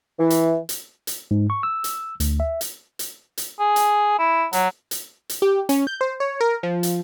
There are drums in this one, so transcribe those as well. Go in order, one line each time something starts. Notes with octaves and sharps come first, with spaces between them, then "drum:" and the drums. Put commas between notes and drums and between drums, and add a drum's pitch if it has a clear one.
E3
drum: hi-hat
drum: hi-hat
drum: hi-hat
G#2
C#6
E6
drum: hi-hat
D2, drum: hi-hat
E5
drum: hi-hat
drum: hi-hat
drum: hi-hat
G#4
drum: hi-hat
E4
F#3, drum: hi-hat
drum: hi-hat
drum: hi-hat
G4
C#4, drum: hi-hat
G6
C5
C#5
A#4
F3
drum: hi-hat